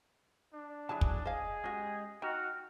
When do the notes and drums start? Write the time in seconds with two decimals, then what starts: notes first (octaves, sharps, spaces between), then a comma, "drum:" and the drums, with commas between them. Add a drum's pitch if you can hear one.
0.53 D4
0.89 D3 F#3 E4 G#4 C#5 A5
1.01 drum: kick
1.26 G#4 C5 D#5 F5
1.64 G#3 C#4 F#4 G4 D#5
2.22 D#4 F#4 G5 F6